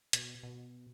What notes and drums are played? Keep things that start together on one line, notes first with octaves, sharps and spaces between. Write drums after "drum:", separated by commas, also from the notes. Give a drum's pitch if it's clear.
B2, drum: hi-hat
B2